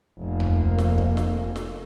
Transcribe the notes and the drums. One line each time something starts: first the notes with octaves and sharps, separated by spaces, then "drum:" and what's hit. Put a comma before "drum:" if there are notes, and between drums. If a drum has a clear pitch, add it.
F1 A#3
drum: tom D2
drum: snare
drum: kick
drum: snare
drum: snare